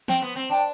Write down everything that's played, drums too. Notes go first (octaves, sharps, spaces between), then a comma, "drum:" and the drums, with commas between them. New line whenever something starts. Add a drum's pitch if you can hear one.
C4 G5, drum: snare
B3
C4
D4 G5